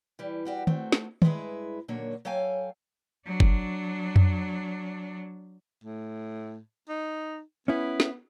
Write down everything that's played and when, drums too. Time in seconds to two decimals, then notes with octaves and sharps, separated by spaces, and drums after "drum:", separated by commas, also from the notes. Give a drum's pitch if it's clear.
0.19 E3 G3
0.45 G3 F#4 G4
0.67 A3 C4 F#4, drum: tom
0.92 drum: snare
1.22 G2 G#3 D#4 E4 G#4 B4, drum: tom
1.88 A#2 D3 D#3 F#3 A#3 C#5
2.25 F#3 A4 C#5 F5 G5 G#5
3.26 F#3 D4
3.40 drum: kick G1
4.16 drum: tom F2
5.84 A2
6.89 D#4
7.68 B3 C#4 E4
8.00 drum: snare